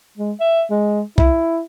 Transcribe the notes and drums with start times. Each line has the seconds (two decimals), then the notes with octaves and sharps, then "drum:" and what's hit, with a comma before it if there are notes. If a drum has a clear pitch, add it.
0.18 G#3
0.40 E5
0.70 G#3
1.18 E4, drum: kick